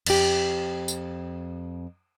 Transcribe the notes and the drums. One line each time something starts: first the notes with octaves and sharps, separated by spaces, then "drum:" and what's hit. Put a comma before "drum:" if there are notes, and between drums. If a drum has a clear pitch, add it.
F2 G4, drum: cymbal
drum: tambourine